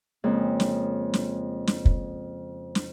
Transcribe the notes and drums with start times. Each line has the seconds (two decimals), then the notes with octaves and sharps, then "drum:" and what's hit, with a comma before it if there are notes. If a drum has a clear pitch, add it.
0.24 F2 C#3 G#3 A#3
0.60 drum: snare
1.14 drum: snare
1.67 drum: snare
1.85 drum: kick
2.75 drum: snare